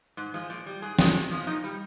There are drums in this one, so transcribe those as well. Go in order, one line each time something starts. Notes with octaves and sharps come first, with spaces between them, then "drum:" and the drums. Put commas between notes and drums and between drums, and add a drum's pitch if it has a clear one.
G#2
F3 G#3
A#2
G3
G#2 G#4
D#3 G#3, drum: snare
C3
F3 G#3
A#2 D#4
G3